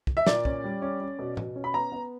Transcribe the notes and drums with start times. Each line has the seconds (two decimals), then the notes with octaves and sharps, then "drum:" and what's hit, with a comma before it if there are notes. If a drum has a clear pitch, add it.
0.07 drum: kick
0.17 E5
0.27 A#2 D5, drum: snare
0.45 C#4, drum: kick
0.64 G3
0.82 C#4
1.01 C#4
1.19 B2
1.37 B2, drum: tom A2
1.56 C#4
1.64 B5
1.74 B3 A#5
1.92 B3